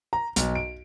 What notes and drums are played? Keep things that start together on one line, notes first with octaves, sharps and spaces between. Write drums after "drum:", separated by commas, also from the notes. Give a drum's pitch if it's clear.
A#5
B1, drum: hi-hat
D7